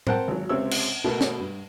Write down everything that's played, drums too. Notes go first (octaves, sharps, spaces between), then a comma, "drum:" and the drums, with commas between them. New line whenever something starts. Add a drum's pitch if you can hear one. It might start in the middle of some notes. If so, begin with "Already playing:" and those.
C4 A#4 C5 F#5 G5 A5, drum: tom A2
G#1 F#3
C#2 C3 C4 C#5 E6
drum: cymbal
B2 A3 B3 A#4
drum: snare
G2